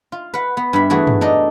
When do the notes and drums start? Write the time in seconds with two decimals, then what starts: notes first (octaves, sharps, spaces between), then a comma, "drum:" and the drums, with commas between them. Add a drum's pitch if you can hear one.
0.12 F4
0.34 B4 F#5
0.57 B3
0.73 G2 E5 B5
0.90 E3 A3 F#4 G#4
1.07 drum: tom
1.21 D4 D#4 A4 D#5